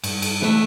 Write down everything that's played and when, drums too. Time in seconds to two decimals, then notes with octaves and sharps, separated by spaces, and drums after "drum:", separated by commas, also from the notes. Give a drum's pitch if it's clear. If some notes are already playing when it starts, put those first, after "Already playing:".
0.04 G2, drum: cymbal
0.22 drum: cymbal
0.42 E3 A3, drum: snare